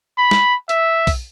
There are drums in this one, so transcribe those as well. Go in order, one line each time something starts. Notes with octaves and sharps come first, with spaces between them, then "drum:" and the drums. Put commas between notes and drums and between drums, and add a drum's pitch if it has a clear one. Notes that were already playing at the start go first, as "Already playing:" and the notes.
B5
drum: snare
E5, drum: hi-hat
drum: kick B1, open hi-hat